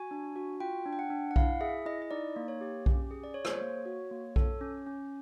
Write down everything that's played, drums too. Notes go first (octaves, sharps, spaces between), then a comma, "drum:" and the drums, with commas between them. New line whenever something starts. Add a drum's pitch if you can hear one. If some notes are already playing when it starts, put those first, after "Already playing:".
Already playing: F#4 G#5
D4
F#4
F4 G5
D4
G5
F#5
D4
F#5
E4 F5, drum: kick B1
G#4 E5
E4 D#5
D#5
D#4 D5
A#3
C#5
G4
C#4, drum: kick B1
G#4
D5
G#4 C#5
C5, drum: rim click
C#5
A#3
F#4
A#3
A4, drum: kick B1
C#4
C#4